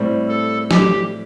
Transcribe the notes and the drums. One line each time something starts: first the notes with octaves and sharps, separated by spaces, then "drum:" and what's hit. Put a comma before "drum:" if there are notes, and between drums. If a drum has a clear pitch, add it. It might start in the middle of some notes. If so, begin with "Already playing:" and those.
Already playing: A2 G3 C4
A4
G4, drum: snare